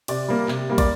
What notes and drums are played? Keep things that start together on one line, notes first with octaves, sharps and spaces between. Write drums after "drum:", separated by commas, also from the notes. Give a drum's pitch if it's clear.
C3 D5, drum: cymbal
G3 A#3
C3, drum: clap
G3 A#3
D5, drum: kick, cymbal